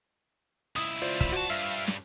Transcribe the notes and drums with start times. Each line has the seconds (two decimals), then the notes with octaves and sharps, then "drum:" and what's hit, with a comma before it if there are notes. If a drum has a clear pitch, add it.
0.76 C#2 E4 D#6
1.02 F4 C5 D5
1.21 B5 E6, drum: kick
1.32 C3 F#4 A5
1.50 G2 E5 F5
1.87 drum: snare